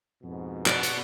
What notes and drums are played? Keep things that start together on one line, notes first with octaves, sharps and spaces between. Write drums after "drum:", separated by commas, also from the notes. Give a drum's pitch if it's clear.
F2 G#2 B2
B3 F#4 D5, drum: clap
drum: hi-hat